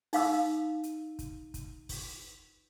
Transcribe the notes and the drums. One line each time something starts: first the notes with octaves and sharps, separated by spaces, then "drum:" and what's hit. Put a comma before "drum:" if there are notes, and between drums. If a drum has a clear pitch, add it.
D#4 F5 E6, drum: open hi-hat
drum: hi-hat
drum: kick, hi-hat
drum: kick, hi-hat
drum: kick, open hi-hat